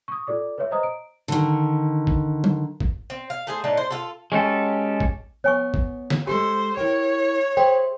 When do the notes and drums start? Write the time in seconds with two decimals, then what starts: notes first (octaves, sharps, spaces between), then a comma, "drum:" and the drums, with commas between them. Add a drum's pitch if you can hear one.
0.08 C#6 D#6
0.27 F4 A4 D5 D6
0.58 B4 C#5 E5
0.71 C5 D#5 A#5 D#6
0.83 D7
1.28 D3 D#3
2.07 drum: kick G#1
2.44 drum: tom F#3
2.80 drum: kick G#1
3.10 C4
3.30 F5
3.47 A3 G#4 C5
3.64 A2 D4 D#4 A5
3.77 C5
3.90 F4 F#4 A4
4.32 G#3 C#4 G4 A4
5.00 drum: kick G#1
5.44 B3 C#5 G#5 C#6
5.74 drum: kick G#1
6.10 drum: snare
6.27 G#3 G4 A4 C5 G#5
6.77 E4 A#4 C#5 G5
7.57 G#4 C5 E5 G5